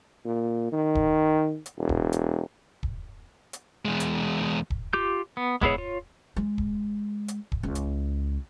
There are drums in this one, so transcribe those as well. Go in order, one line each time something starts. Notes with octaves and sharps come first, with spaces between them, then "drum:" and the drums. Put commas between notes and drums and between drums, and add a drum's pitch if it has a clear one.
A#2
D#3
drum: kick
drum: hi-hat
E1
drum: kick
drum: hi-hat
drum: kick
drum: hi-hat
E2 G#3
drum: hi-hat
drum: kick
F4 G4 G6
B3
G#3 B3 E4 G#4 C#5, drum: kick
F4 C#5
G#3
drum: kick
drum: hi-hat
drum: kick
C#2
drum: hi-hat